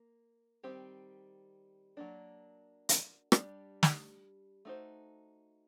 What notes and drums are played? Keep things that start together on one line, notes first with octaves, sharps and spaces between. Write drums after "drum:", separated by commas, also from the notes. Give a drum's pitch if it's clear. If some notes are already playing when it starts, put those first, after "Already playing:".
Already playing: A#3
D#3 G3 C4 G4
F#3 A#3 D4
drum: hi-hat
G3 D4 G4 D5, drum: rim click
drum: snare
A3 D#4 F#4 C5